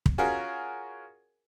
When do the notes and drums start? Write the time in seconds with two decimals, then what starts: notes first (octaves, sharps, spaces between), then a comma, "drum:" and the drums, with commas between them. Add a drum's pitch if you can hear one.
0.06 drum: kick
0.18 C#4 F4 F#4 G#4 A#4